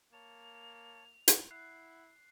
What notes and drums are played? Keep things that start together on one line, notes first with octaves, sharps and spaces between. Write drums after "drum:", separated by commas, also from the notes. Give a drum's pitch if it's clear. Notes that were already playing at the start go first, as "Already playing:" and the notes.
A#3 C#5 A5 F7
drum: hi-hat
E4 F#5 F#6 C7